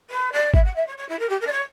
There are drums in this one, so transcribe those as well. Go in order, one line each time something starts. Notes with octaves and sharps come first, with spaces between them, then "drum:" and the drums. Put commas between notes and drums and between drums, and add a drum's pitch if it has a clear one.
B4
D5
E5, drum: kick G1
F#5
E5
C#5
C#5
E4
A#4
G4
A#4
D5
C#5